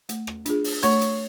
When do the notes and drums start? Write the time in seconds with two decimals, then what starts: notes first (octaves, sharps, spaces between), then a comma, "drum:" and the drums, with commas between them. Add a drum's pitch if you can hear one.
0.09 A3, drum: hi-hat
0.27 drum: rim click
0.46 D4 F4 G#4, drum: hi-hat
0.64 drum: open hi-hat
0.83 A3 C#5, drum: hi-hat
1.01 drum: hi-hat